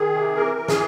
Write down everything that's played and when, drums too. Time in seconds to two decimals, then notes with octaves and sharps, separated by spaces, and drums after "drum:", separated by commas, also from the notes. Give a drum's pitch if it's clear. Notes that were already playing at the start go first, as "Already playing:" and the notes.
Already playing: D#3 G#4
0.15 C3
0.36 E3 A#4
0.58 E3
0.68 G#4, drum: snare